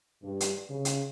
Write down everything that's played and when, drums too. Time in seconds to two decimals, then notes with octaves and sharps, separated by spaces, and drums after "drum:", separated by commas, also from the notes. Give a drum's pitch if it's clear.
0.23 G2
0.40 drum: hi-hat
0.70 C#3
0.85 drum: hi-hat